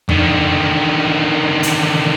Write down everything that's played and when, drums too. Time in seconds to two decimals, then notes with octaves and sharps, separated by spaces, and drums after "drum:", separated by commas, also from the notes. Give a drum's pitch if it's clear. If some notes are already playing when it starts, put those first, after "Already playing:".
0.09 D3 D#3, drum: tom F2
1.63 drum: hi-hat